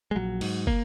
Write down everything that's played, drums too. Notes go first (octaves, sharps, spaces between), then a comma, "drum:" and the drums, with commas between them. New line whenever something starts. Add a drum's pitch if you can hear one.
G#3
A#1 F#3
G#2, drum: cymbal
A#3, drum: kick